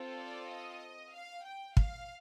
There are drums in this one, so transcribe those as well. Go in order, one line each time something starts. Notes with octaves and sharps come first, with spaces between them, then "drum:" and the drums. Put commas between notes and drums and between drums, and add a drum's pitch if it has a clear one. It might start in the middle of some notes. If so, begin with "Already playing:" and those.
Already playing: C4 F4 A4
D5
D#5
F5
G5
F5, drum: kick